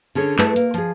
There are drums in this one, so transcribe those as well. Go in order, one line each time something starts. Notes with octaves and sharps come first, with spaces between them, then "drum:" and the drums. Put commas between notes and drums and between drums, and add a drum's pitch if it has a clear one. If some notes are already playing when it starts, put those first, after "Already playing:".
D3 C#4 G#4 C5 C#5
A3 E4 G#4 A4 B4, drum: clap
A#3, drum: hi-hat
F3 G#4, drum: hi-hat